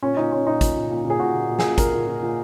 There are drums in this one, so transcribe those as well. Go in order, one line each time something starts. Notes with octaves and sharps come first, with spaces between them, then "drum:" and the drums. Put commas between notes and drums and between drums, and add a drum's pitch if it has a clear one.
A#2 C#4
A#2 D#4
A#2 C#4
A#2 D#4
A#2, drum: kick, hi-hat
A#2
A#2
A#2
G#4
A#2 F#4
A#2
A#2
G#4, drum: snare
A#2
A#2 A#4, drum: kick, hi-hat
A#2
A#2
A#2